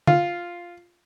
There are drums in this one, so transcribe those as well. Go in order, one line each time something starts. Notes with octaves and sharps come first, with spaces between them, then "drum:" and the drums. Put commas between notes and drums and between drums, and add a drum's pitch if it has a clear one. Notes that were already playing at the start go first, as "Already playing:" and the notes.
F4, drum: tom